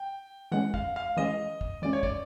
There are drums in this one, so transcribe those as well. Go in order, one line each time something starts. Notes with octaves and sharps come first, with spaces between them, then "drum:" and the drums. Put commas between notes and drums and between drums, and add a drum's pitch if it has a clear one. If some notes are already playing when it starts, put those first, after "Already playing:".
Already playing: G5
E3 G#3 C#4 F#5
F5, drum: kick
F5
E3 G#3 C#4 D#5
drum: kick
E3 G#3 C#4 D5
C#5
D5, drum: kick